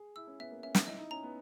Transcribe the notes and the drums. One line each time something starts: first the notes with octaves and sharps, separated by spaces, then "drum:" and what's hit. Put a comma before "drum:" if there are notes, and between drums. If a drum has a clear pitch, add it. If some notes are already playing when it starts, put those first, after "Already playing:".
Already playing: G#4
E4 E6
C#4
B3 E5
A#3
C#4 E5
D#4, drum: snare
E4 D#5
D#4
C#4 A#5
B3